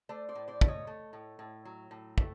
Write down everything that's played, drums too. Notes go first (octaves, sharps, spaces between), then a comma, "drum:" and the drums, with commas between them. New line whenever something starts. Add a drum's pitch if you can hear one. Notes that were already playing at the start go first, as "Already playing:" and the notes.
A3 C5 D5
C5 D5
A2
C5 D5
A3, drum: kick
C#5 D#5
A3
A2
A2
F#3
A2
A3, drum: kick